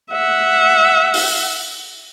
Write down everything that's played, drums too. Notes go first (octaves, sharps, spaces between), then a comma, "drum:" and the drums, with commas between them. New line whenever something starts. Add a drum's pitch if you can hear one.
E5 F#5
drum: open hi-hat